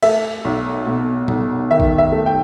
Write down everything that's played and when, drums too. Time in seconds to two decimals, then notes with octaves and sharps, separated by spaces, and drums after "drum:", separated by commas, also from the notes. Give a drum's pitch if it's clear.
0.03 A3 E5, drum: cymbal
0.45 B1
0.87 B2
1.28 B1, drum: tom A#2
1.71 D#3 E5
1.80 drum: kick
1.98 E5
2.12 A3
2.26 G5